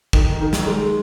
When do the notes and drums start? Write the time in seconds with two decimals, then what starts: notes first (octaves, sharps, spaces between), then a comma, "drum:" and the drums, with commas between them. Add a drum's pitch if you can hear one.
0.13 D#3, drum: kick
0.40 D#3
0.53 drum: snare
0.66 G#3